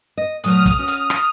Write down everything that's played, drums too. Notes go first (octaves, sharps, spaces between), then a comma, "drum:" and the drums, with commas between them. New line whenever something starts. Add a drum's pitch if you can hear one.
D#5
A#2 F#3 A3 D#6 F6, drum: hi-hat
drum: kick, hi-hat
C#4 F#4
drum: hi-hat
drum: rim click